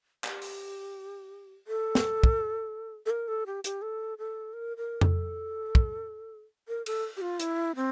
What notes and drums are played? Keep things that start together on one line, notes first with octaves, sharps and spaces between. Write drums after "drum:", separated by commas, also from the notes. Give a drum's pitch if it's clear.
G4, drum: clap
drum: open hi-hat
A4
drum: snare
drum: kick
A4
A#4
A4
G4
G4, drum: hi-hat
A4
A4
A#4
A#4
A4, drum: tom F2
drum: kick
A#4
A4, drum: cymbal
G4
F4
E4, drum: hi-hat
C4